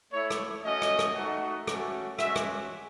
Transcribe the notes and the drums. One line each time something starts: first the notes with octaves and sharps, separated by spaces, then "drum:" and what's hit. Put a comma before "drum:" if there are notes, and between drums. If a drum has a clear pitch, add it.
A3 E4 C#5
drum: rim click
A3 C#4 F#4 D#5
drum: rim click
drum: rim click
A3 D#4 F#4
A3 C#4 F#4, drum: rim click
G#3 C#4 F#4 E5, drum: rim click
drum: rim click